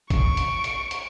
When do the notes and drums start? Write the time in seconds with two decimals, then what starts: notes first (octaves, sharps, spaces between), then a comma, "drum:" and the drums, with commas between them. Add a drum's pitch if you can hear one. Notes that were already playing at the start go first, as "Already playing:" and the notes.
0.10 C#6 D7, drum: kick, hi-hat
0.37 drum: hi-hat
0.64 drum: hi-hat
0.91 drum: hi-hat